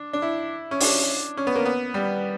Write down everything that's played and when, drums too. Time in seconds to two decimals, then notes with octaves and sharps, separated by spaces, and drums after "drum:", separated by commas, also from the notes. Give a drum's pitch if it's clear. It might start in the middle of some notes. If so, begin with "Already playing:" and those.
Already playing: D4
0.13 D4
0.22 E4
0.71 C#4
0.80 D4, drum: open hi-hat
1.37 C#4
1.47 B3
1.55 A#3
1.65 B3
1.94 G3